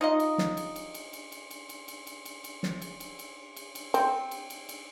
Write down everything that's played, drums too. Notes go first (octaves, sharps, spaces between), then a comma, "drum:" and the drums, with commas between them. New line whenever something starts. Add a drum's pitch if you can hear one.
D#4 F4 D#5
drum: cymbal
drum: snare
drum: cymbal
drum: cymbal
drum: cymbal
drum: cymbal
drum: cymbal
drum: cymbal
drum: cymbal
drum: cymbal
drum: cymbal
drum: cymbal
drum: cymbal
drum: snare
drum: cymbal
drum: cymbal
drum: cymbal
drum: cymbal
drum: cymbal
C4, drum: cymbal
drum: cymbal
drum: cymbal
drum: cymbal